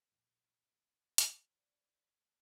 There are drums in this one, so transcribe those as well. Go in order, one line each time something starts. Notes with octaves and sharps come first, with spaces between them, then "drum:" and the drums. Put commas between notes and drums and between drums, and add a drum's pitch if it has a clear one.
A#2 F3
drum: hi-hat
E4 C5 D5